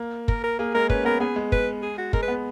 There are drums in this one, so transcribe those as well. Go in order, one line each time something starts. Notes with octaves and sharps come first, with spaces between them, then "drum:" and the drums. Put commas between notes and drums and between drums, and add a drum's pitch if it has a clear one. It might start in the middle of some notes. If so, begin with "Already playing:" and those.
Already playing: A#3
A#4, drum: kick
A#4
A#3 G#4
G#3 A#4
C#4 B4, drum: kick
B3 A#4
B3 G#4
G#3
B4, drum: kick
G#4
F#4
G#3 A#4, drum: kick
B4
B3